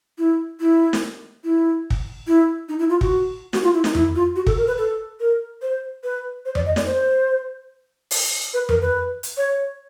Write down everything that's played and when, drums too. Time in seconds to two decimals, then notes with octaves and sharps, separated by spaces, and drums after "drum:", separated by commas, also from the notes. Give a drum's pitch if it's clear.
0.18 E4
0.60 E4
0.93 drum: snare
1.44 E4
1.90 drum: kick
2.27 E4
2.69 D#4
2.79 E4
2.90 F4
3.01 F#4, drum: kick
3.53 F#4, drum: snare
3.63 F4
3.74 E4
3.84 D#4, drum: snare
3.95 E4, drum: tom F2
4.15 F4
4.36 F#4
4.47 A4, drum: kick
4.57 A#4
4.67 B4
4.78 A4
5.20 A#4
5.62 C5
6.03 B4
6.45 C5
6.55 D5, drum: tom F2
6.66 D#5
6.76 D5, drum: snare
6.86 C5
8.11 drum: open hi-hat
8.54 B4
8.69 A#4, drum: tom F2
8.82 B4
9.23 drum: hi-hat
9.37 C#5